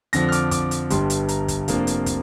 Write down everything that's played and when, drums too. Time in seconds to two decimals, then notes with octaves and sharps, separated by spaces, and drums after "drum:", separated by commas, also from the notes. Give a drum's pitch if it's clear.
0.13 F2 D3 F3 D4 A#6, drum: hi-hat
0.29 F6
0.32 D6, drum: hi-hat
0.51 D6, drum: kick, hi-hat
0.71 drum: hi-hat
0.90 G1 G2 G3 C6, drum: hi-hat
1.10 drum: hi-hat
1.28 A#5, drum: hi-hat
1.48 drum: kick, hi-hat
1.68 F1 F2 F3 A#3 D4 F5, drum: hi-hat
1.87 drum: hi-hat
2.06 drum: kick, hi-hat